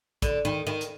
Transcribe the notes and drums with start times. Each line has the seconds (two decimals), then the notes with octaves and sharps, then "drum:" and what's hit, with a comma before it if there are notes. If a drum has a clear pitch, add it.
0.22 D3, drum: kick, hi-hat
0.45 D#3
0.67 D#3
0.81 drum: hi-hat